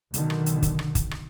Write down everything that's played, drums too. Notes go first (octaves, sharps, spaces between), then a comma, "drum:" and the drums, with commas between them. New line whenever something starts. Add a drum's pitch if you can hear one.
B1 D3 D#3, drum: hi-hat
drum: rim click
drum: hi-hat
drum: kick, hi-hat
drum: rim click
drum: kick, hi-hat
drum: rim click